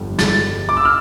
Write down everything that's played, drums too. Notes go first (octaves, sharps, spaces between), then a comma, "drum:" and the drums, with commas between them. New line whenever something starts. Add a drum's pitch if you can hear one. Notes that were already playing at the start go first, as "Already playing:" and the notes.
Already playing: G1 F2 D3 G3
A6, drum: snare
D6
E6
F6